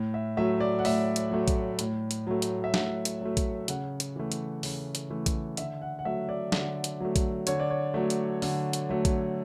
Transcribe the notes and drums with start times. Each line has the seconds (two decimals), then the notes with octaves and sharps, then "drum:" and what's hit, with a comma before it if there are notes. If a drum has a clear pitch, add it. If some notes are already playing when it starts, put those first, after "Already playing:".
Already playing: A2
0.14 E5
0.37 F#3 A3 E5
0.60 D5
0.79 F#5
0.85 A2 E5, drum: open hi-hat
1.16 drum: hi-hat
1.31 F#3 A3
1.48 drum: kick A#1, hi-hat
1.79 A2, drum: hi-hat
2.11 drum: hi-hat
2.27 F#3 A3
2.42 drum: hi-hat
2.64 E5
2.74 A2 F#5, drum: snare
3.05 drum: hi-hat
3.21 F#3 A3
3.37 drum: kick A#1, hi-hat
3.68 C#3 F#5, drum: hi-hat
4.00 drum: hi-hat
4.16 E3 A3
4.32 drum: hi-hat
4.63 C#3, drum: open hi-hat
4.95 drum: hi-hat
5.10 E3 A3
5.26 drum: kick A#1, hi-hat
5.57 D3 E5, drum: hi-hat
5.82 F#5
5.99 F#5
6.05 F#3 A3 E5
6.29 D5
6.52 D3, drum: snare
6.84 drum: hi-hat
7.00 F#3 A3
7.16 drum: kick A#1, hi-hat
7.47 D3 C#5, drum: hi-hat
7.60 D5
7.70 C#5
7.94 F#3 A3
8.10 drum: hi-hat
8.42 D3, drum: open hi-hat
8.73 drum: hi-hat
8.89 F#3 A3
9.05 drum: kick A#1, hi-hat